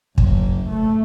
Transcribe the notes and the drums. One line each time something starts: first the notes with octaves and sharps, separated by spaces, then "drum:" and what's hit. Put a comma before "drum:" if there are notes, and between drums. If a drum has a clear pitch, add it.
F#1, drum: kick
A3